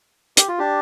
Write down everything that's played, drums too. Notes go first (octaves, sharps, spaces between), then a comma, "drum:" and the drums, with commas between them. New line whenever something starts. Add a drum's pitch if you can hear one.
G4, drum: hi-hat
F4
D4 G4